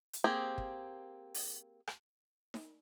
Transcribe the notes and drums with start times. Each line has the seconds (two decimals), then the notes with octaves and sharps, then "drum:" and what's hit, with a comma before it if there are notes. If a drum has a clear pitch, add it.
0.13 drum: hi-hat
0.24 A#3 C4 G4 G#4
0.58 drum: kick
1.34 drum: open hi-hat
1.87 drum: rim click
2.54 drum: snare D#4